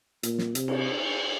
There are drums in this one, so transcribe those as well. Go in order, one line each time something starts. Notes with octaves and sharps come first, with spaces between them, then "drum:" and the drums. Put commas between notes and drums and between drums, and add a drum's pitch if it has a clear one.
A#2, drum: hi-hat
drum: snare
C3, drum: hi-hat
drum: cymbal